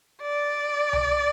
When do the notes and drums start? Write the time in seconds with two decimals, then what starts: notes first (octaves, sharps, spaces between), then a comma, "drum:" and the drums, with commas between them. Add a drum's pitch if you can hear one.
0.22 D5
0.93 drum: tom C2